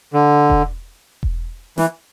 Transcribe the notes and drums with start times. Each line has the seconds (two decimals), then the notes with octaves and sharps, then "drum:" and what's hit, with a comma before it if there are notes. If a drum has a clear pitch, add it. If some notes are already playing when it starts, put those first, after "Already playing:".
0.13 D3
0.50 drum: kick E1
1.23 drum: kick E1
1.78 E3, drum: snare